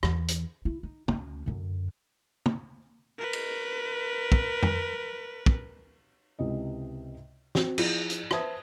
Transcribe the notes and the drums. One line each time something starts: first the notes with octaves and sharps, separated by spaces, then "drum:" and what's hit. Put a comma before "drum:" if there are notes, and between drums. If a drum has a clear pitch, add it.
E2 E3, drum: rim click
drum: hi-hat
E4
D#4
D2 C#4, drum: tom
F#2 D3
drum: tom
A#4 B4
drum: cymbal
drum: kick
drum: tom F2
drum: kick
C#2 C3 E4 D#5
C4 F#4 G5, drum: snare
F3 E4 F4 G#4, drum: cymbal
drum: hi-hat
B4 C5 E5 A5 D#6 G#6, drum: rim click